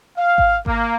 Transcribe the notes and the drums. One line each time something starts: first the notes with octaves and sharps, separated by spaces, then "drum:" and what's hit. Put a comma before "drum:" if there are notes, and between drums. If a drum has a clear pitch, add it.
F5
drum: kick G#1
A#3, drum: kick G#1